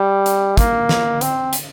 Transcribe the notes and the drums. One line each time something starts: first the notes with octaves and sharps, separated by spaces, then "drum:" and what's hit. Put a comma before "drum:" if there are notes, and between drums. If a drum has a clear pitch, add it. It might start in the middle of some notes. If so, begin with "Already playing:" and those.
Already playing: G3
drum: hi-hat
A#3, drum: kick, hi-hat
drum: snare
C4, drum: hi-hat
drum: hi-hat